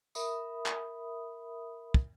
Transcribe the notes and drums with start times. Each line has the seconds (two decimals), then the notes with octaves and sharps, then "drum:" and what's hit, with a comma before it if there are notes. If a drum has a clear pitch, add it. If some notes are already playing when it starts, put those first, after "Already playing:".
0.15 A#4 E5 B5 D#6, drum: tambourine
0.66 drum: clap
1.94 drum: kick